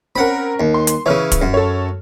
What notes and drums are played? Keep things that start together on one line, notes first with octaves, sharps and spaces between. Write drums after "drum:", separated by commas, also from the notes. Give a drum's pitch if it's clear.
C4 C#4 A#4 F#5 B5
D#2
C6
drum: hi-hat
C#3 E3 C#5 F6
drum: kick, hi-hat
F#2
A4 C#5